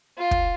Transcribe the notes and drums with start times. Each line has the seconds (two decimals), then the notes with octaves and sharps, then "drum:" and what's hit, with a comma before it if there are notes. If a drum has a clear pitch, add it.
0.18 F4
0.31 drum: kick